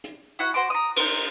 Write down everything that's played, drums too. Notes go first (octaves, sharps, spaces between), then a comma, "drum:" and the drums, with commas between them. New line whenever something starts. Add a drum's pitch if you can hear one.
drum: hi-hat
E4 F#4 F#5
F#4 C5 C6 D6
A#5 D#6
D#4 C5, drum: cymbal